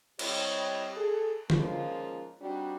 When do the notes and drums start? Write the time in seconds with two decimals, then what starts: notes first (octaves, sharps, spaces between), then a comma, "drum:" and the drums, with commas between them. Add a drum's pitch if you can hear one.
0.19 G3 C4 E4 G4 C#5 D#5, drum: cymbal
0.97 G#4 A4
1.50 F3 G#3 A#3 C#4 D#4 F4, drum: tom D3
2.41 G3 C4 D4 D#4 F#4 G4